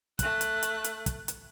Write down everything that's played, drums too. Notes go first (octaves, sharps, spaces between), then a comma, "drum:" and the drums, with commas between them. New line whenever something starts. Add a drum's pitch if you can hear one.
A3 F#6, drum: kick, hi-hat
drum: hi-hat
drum: hi-hat
drum: hi-hat
drum: kick, hi-hat
drum: hi-hat